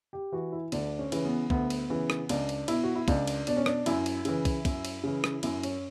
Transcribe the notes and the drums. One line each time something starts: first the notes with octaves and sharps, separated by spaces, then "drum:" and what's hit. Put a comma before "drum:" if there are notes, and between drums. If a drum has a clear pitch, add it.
G4
E3 F#4
E4
D2 D4, drum: cymbal
C#4
C#3 E3, drum: cymbal
B3
D2 B3, drum: kick
drum: cymbal
C#3 E3
drum: rim click
C#2 D4, drum: cymbal
drum: cymbal
B2 E4, drum: cymbal
F#4
E4
C#2 D4, drum: kick, cymbal
drum: cymbal
B2 D4, drum: cymbal
C#4
D4, drum: rim click
F#2 E4, drum: cymbal
drum: cymbal
C#3 E3, drum: cymbal
drum: kick, cymbal
F#2, drum: kick, cymbal
drum: cymbal
C#3 E3
drum: rim click
F#2 E4, drum: cymbal
C#4, drum: cymbal